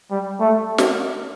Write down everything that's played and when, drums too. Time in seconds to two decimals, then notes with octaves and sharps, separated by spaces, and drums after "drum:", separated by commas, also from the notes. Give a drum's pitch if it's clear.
0.11 G3
0.40 A3
0.78 drum: snare